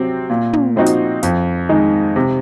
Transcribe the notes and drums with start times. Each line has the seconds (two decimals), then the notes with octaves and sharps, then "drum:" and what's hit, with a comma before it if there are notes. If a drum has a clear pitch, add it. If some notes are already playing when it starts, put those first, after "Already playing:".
Already playing: C3 F#3 C4
0.30 A#2
0.53 drum: tom
0.76 F3 C4 D#4 F#4
0.86 drum: hi-hat
1.23 F2, drum: hi-hat
1.69 D#3 G#3 D#4
2.16 C3